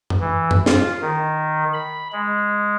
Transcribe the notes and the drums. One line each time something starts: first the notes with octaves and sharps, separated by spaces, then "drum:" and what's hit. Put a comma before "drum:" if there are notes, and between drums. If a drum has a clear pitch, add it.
drum: tom F#2
E3
drum: tom F#2
F4, drum: snare
D#3
B5
G#3